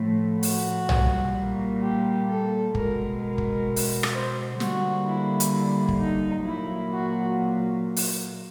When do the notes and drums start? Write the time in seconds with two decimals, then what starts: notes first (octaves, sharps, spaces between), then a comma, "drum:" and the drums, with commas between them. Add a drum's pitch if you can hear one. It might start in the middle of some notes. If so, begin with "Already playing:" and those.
Already playing: A2 F3 A3
0.43 F#4, drum: open hi-hat
0.89 A#2 G3 A#3, drum: tom B1
1.82 G4
2.29 A4
2.75 B2 G#3 A#4, drum: kick
3.21 A#4
3.38 drum: kick
3.76 drum: open hi-hat
4.03 drum: rim click
4.13 C5
4.60 D3 G3 A#3 F#4, drum: snare
5.07 E4
5.40 drum: hi-hat
5.53 E4
5.88 drum: kick
6.00 D#4
6.46 A#2 F#3 A#3 E4
6.92 F#4
7.96 drum: open hi-hat